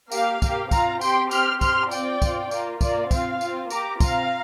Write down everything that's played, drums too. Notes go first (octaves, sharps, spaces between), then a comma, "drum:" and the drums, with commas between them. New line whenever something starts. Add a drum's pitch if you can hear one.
A#3 G4 F5, drum: tambourine
A#3 G4, drum: kick, tambourine
C4 F4 F5 A#5, drum: kick, tambourine
C4 G4 G5 C6, drum: tambourine
C4 G4 C6 F6, drum: tambourine
C4 G4 C6 F6, drum: kick, tambourine
C4 F4 D5 G5, drum: tambourine
C4 F4, drum: kick, tambourine
A#3 F4, drum: tambourine
A#3 F4 D5, drum: kick, tambourine
C4 F4 F5, drum: kick, tambourine
C4 F4, drum: tambourine
A#3 G4 A#5 D6, drum: tambourine
C4 F4 F5 A#5, drum: kick, tambourine